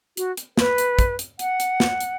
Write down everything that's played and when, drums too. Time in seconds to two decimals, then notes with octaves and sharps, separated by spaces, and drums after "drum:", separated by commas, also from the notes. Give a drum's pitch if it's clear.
0.17 F#4, drum: hi-hat
0.37 drum: hi-hat
0.57 B4, drum: snare
0.78 drum: hi-hat
0.99 drum: kick, hi-hat
1.19 drum: hi-hat
1.39 F#5, drum: hi-hat
1.60 drum: hi-hat
1.80 drum: snare
2.01 drum: hi-hat